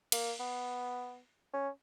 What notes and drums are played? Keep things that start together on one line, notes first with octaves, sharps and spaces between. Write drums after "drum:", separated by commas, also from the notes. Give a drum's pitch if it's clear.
A#3, drum: cymbal
B3
C#4